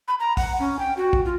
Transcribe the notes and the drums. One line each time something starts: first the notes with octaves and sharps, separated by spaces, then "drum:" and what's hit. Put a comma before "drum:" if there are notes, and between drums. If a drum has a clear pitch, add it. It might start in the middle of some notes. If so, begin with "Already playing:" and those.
B5
A#5
F#5, drum: kick, open hi-hat
C#4
G5
F#4
drum: kick
F4